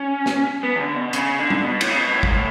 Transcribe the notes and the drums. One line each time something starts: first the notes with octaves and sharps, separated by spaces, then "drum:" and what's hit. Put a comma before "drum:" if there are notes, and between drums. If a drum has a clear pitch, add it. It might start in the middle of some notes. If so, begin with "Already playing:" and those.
Already playing: C#4
drum: snare
B3
E3
D3
B2
C#3, drum: hi-hat
D3
drum: tom G3
B2
A2, drum: cymbal
C#3
B2
A2
G#2, drum: kick
A2